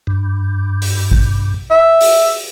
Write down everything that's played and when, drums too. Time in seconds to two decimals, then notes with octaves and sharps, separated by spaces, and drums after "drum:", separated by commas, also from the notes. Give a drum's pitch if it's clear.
0.07 G2
0.82 drum: open hi-hat
1.11 drum: kick G#1
1.71 E5
2.01 drum: open hi-hat